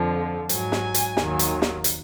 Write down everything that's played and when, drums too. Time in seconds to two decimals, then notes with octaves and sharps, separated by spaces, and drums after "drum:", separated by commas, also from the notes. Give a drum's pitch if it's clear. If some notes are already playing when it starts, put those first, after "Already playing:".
Already playing: F2 D3 F3
0.49 G#2 F#3 G#5, drum: hi-hat
0.72 drum: snare
0.94 drum: hi-hat
1.17 D#2 D#3 F#3, drum: snare
1.39 drum: hi-hat
1.62 drum: snare
1.84 drum: hi-hat